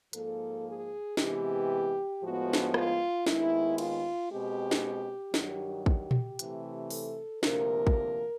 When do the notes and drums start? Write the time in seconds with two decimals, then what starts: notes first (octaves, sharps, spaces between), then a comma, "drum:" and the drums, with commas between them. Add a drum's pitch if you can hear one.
0.13 G#2 F3 A#3 A4, drum: hi-hat
0.66 G#4
1.17 C3 E3 G#3 B3 G4, drum: snare
2.21 A2 F3 G#3 B3 F#4
2.53 drum: snare
2.74 F4, drum: rim click
3.27 D#2 D#3 G#3 B3 E4, drum: snare
3.78 F4, drum: cymbal
4.30 B2 G#3 C4 G4
4.71 drum: snare
5.34 G2 D#3 F#3 G4, drum: snare
5.86 G4, drum: kick
6.11 drum: tom A#2
6.39 C3 E3 A3, drum: hi-hat
6.90 A4, drum: open hi-hat
7.43 D2 C3 F3 A#3 A#4, drum: snare
7.87 drum: kick